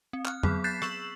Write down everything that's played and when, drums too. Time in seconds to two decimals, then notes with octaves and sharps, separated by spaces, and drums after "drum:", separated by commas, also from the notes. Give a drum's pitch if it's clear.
0.13 C4
0.25 F6 F#6, drum: clap
0.43 F#3 B3 G#4 B5, drum: tom F2
0.64 F#6 G6 A6 B6 C7 E7
0.82 C#6 E6 E7 F#7, drum: rim click